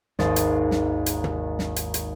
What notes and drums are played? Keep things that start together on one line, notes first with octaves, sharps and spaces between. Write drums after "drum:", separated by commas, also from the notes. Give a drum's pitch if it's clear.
G#1 D#2 C5 D#5 D#6 A6, drum: snare
drum: hi-hat
drum: snare
drum: hi-hat
drum: tom
drum: snare
drum: hi-hat
drum: hi-hat